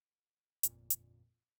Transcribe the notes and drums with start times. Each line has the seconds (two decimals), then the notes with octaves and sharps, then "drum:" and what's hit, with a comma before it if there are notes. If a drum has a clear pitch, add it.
0.63 G1 F2 A#2, drum: hi-hat
0.90 drum: hi-hat